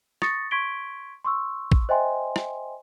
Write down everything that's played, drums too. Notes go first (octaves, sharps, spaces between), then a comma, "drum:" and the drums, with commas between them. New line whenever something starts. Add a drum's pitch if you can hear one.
C#6 D#6 A6 A#6 C#7, drum: rim click
C6 C#6 G#6 B6 D7 G7
C6 C#6 E6
drum: kick A#1
C5 D#5 E5 G5 G#5 C6
drum: rim click